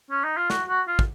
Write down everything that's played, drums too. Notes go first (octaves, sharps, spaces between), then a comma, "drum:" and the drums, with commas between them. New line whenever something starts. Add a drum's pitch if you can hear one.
C#4
D#4
F4
F#4, drum: snare
F#4
F4
drum: kick